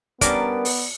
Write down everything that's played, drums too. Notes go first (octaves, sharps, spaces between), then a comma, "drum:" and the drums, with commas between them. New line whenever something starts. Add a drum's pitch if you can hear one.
G3 B3 C#4 D4 A#4 D5, drum: kick, hi-hat
drum: open hi-hat